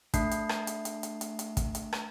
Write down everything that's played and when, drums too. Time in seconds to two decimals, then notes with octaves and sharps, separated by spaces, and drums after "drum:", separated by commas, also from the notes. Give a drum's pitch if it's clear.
0.14 A3 D4 C7, drum: kick, hi-hat
0.31 drum: hi-hat
0.49 drum: rim click
0.67 drum: hi-hat
0.85 drum: hi-hat
1.03 drum: hi-hat
1.21 drum: hi-hat
1.39 drum: hi-hat
1.57 drum: kick, hi-hat
1.75 drum: hi-hat
1.93 drum: rim click